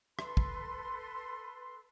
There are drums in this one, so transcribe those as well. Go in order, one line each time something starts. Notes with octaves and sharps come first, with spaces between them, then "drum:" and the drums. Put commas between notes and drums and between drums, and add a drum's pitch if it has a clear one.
A4 B4 C6, drum: rim click
drum: kick